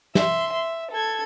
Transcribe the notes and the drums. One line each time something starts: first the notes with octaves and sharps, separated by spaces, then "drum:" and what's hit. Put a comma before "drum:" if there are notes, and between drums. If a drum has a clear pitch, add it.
E5 C6, drum: snare
E5
A4 G#6